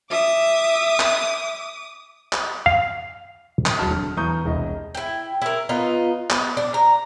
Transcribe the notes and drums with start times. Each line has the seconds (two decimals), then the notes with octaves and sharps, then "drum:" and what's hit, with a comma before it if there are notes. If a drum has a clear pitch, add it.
0.10 E5 D6 D#6
1.00 drum: clap
2.33 drum: clap
2.66 F5
3.66 drum: clap
3.78 E1 F#3 A5 F6
3.91 D3
4.17 E2 A#5 C#6 D#6 G6
4.44 E1 C2 D#5
4.95 E4 G5
5.42 E4 A#4
5.69 B3 D#4 F4
6.30 B3, drum: clap
6.57 D4
6.74 A#5